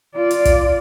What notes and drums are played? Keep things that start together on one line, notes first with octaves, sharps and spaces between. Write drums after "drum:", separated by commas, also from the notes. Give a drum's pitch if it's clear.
F4 D5
drum: hi-hat
drum: kick, hi-hat